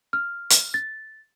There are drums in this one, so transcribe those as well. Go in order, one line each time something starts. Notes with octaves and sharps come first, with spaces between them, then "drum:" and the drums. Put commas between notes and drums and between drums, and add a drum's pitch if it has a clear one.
F6
drum: hi-hat
A6